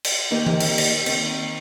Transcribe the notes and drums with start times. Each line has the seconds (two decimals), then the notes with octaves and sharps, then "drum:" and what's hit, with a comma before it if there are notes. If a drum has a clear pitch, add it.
0.04 drum: cymbal
0.30 D#2 D#3 A#3 D#4 G4
0.46 drum: tom E3
0.60 drum: cymbal
0.78 drum: cymbal
1.06 D#2 D#3 C4, drum: cymbal